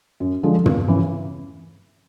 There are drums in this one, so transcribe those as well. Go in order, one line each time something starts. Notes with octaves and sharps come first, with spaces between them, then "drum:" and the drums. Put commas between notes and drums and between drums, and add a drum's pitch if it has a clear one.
F#2
D3 F3 G#3
E2, drum: tom
C#3 E3